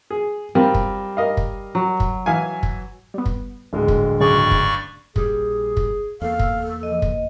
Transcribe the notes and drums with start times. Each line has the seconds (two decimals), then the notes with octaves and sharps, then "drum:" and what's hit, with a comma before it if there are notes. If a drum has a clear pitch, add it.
0.11 G#4
0.55 G3 C4 F4 A#4
0.74 drum: kick
1.17 A#4 D#5 F5
1.37 drum: kick
1.75 F#3
2.00 drum: kick
2.26 E3 F5 G#5
2.63 drum: kick
3.14 G3 B3
3.26 drum: kick
3.73 D1 D3 G#3
3.88 drum: kick
4.20 G2 C#3 F#3 G#4 D5 C#6
4.51 drum: kick
5.16 A#1 G3 G#4, drum: kick
5.77 drum: kick
6.22 E2 A#3 A4 F5
6.39 drum: kick
6.83 C#3 E3 F3 D#5
7.02 drum: kick